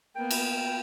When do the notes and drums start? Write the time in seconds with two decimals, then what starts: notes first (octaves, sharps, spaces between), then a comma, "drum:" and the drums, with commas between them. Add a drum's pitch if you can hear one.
0.16 A#3 B3 G5
0.31 drum: cymbal